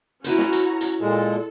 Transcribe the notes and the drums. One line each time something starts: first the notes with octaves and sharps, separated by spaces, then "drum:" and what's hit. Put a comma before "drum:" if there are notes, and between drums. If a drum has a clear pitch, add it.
C#4 E4 F#4 B4 C5 A#5, drum: hi-hat
drum: snare
drum: hi-hat
drum: hi-hat
A#2 G#3 A4